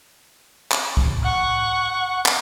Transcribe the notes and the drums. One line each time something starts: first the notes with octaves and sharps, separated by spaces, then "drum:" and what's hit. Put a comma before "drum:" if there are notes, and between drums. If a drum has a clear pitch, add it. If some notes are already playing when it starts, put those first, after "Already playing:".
drum: clap
drum: kick C2
F#5 C#6
drum: clap